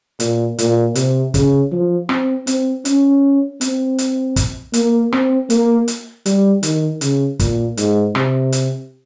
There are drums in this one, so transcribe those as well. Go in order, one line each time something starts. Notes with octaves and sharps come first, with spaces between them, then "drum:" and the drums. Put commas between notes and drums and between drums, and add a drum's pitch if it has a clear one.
A#2, drum: hi-hat
A#2, drum: hi-hat
C3, drum: hi-hat
C#3, drum: kick, hi-hat
F3
C4, drum: rim click
C4, drum: hi-hat
C#4, drum: hi-hat
C4, drum: hi-hat
drum: hi-hat
drum: kick, hi-hat
A#3, drum: hi-hat
C4, drum: rim click
A#3, drum: hi-hat
drum: hi-hat
G3, drum: hi-hat
D#3, drum: hi-hat
C#3, drum: hi-hat
A#2, drum: kick, hi-hat
G#2, drum: hi-hat
C3, drum: rim click
drum: hi-hat